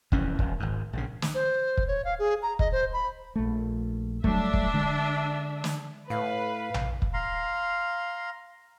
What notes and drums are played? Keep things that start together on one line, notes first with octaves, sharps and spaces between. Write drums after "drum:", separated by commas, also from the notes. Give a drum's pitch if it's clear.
F1 F2 E3 C#4, drum: kick
D#1, drum: kick
G#1 G#2
A#1 C#3
drum: snare
C5
drum: kick
C#5
F5
G#4
A#5
D#5, drum: kick
C5
B5
A#1 A3
F#3 G3 A3 D4 E5, drum: kick
drum: kick
D3 G#3
drum: snare
A2 B4 F5
drum: tom A#1
drum: kick
F5 A#5 C6